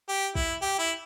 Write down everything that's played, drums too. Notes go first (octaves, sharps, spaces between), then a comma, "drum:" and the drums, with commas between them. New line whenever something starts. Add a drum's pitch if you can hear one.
G4
E4, drum: kick
G4
E4